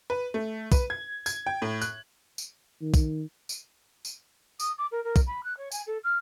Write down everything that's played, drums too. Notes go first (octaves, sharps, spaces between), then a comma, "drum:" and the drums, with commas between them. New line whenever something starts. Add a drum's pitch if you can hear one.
B4
A3
B4, drum: kick, tambourine
G#6
G#6, drum: tambourine
G5
A2
F#6, drum: tambourine
drum: tambourine
D#3
drum: kick, tambourine
drum: tambourine
drum: tambourine
D#6, drum: tambourine
D6
A#4
A#4
drum: kick, tambourine
B5
F#6
C#5
G#5, drum: tambourine
A4
F6